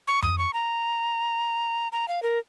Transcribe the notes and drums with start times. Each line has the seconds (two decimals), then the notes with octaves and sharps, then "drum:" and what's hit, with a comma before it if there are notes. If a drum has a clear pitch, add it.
0.07 C#6
0.22 D#6, drum: tom F2
0.38 C#6
0.53 A#5
1.92 A#5
2.08 F5
2.23 A#4